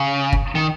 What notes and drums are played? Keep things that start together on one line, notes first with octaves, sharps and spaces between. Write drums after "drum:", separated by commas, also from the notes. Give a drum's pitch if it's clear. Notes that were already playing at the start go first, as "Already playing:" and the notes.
Already playing: C#3
drum: kick
D#3